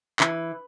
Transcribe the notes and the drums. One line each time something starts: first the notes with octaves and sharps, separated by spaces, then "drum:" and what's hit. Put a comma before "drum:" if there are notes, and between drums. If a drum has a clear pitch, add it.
E3, drum: clap